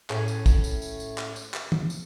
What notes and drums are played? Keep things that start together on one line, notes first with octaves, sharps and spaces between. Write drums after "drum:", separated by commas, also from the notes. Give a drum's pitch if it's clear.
A2 A3 C#4 A4, drum: clap
drum: tambourine
drum: kick, tambourine
drum: tambourine
drum: tambourine
drum: tambourine
drum: clap
drum: tambourine
drum: clap
drum: tom
drum: tambourine